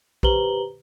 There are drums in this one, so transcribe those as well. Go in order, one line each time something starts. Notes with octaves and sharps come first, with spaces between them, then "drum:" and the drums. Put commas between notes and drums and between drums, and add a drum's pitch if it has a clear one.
G4 B4 C5 A#5 F#7 G7, drum: kick A#1